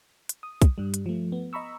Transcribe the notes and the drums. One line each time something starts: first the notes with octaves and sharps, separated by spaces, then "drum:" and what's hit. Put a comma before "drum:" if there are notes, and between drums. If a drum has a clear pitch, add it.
drum: hi-hat
D#6
drum: kick, hi-hat
G2 G3
drum: hi-hat
F3 A3
B3
D#5 A#5 B5 C#6 E6